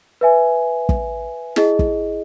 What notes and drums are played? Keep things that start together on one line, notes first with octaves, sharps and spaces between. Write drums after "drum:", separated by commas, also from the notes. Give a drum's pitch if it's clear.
B4 E5 G#5
drum: kick
E4 G#4 D#5, drum: snare
drum: kick